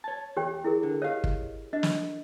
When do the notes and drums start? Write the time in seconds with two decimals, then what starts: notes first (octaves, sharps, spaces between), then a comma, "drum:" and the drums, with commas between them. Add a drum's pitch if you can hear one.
0.04 C#5 A5
0.37 E2 G4 C#5 G5
0.64 E4 G#4 A#4
0.83 D3
1.02 G4 C#5 D#5 F5
1.24 drum: kick
1.73 D4 D#5
1.83 drum: snare